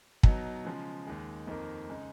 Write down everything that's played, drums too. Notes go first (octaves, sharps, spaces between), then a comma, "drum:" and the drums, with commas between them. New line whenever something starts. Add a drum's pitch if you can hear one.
B2 F#3 B3 D#4, drum: kick
C#3 F3 G#3
D#2 D#3 G#3
F2 D#3 A#3
C#3 G#3 D#4